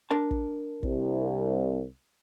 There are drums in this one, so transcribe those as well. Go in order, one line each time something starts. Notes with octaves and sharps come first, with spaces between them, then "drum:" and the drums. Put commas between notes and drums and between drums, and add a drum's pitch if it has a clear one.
D4 A#4 A5
drum: kick
C2, drum: kick